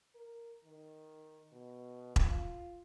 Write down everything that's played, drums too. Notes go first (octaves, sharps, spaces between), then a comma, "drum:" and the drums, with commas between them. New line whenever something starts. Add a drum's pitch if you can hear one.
A#4
D#3
B2
F4, drum: kick E1